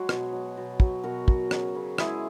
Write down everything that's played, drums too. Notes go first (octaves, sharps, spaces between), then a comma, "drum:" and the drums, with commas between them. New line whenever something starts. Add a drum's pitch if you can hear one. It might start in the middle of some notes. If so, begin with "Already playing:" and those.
Already playing: F#3 G#3 F#4 G#4
B2, drum: rim click
F#3
B2
F#3, drum: kick
B2 F#4 A#4
F#3, drum: kick
C#3, drum: rim click
C#3
G#3 E4 G#4, drum: rim click